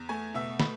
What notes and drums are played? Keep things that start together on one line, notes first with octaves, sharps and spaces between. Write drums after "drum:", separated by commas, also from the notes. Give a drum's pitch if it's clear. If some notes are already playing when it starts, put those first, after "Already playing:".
Already playing: E2
A3 G#5
B2 E5
A3 B5, drum: snare